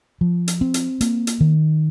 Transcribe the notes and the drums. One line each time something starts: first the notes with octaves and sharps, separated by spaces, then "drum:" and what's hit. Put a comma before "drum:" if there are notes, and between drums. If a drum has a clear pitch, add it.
F3
drum: hi-hat
C4
drum: hi-hat
A#3, drum: hi-hat
drum: hi-hat
D#3